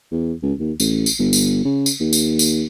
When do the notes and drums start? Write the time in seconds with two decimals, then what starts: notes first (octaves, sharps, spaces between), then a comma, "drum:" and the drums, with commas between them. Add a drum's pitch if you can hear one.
0.11 E2
0.43 C#2
0.59 D#2
0.80 A1, drum: tambourine
1.06 drum: tambourine
1.19 G1
1.33 drum: tambourine
1.65 C#3
1.86 drum: tambourine
2.00 D#2
2.13 drum: tambourine
2.39 drum: tambourine